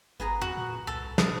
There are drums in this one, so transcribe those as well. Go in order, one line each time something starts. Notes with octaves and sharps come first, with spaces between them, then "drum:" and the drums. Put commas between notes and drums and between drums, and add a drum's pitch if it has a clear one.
G1 B3 G#4 A#5
F2 F#4
A#2
C2 A4
B2 D#6, drum: snare